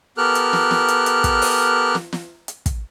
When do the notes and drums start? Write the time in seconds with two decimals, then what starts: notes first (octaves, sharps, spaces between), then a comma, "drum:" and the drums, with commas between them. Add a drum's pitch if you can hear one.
0.18 B3 G4 A4 A#4 F6 F#6
0.35 drum: hi-hat
0.53 drum: snare
0.71 drum: snare
0.88 drum: hi-hat
1.06 drum: hi-hat
1.24 drum: kick, hi-hat
1.42 drum: open hi-hat
1.95 drum: snare
2.13 drum: snare
2.48 drum: hi-hat
2.66 drum: kick, hi-hat